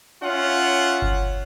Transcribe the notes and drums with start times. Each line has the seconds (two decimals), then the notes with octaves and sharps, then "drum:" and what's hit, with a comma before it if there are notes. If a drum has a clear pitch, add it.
0.23 C#4 F4 E5 F#5
1.02 drum: kick G1